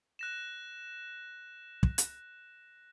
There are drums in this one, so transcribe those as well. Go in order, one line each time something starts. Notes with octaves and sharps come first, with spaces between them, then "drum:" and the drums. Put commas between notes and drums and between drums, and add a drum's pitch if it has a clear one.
F#6 A#6 E7
drum: kick
drum: hi-hat